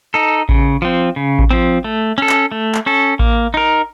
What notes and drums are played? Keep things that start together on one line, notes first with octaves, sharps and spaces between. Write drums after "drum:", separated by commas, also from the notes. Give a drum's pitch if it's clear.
D#4 A4
C#3, drum: kick A1
F3 C4
C#3
drum: kick A1
F3 C4
A3
C#4 A4
drum: clap
A3
drum: clap
C#4 A4
A#3, drum: kick A1
D#4 A#4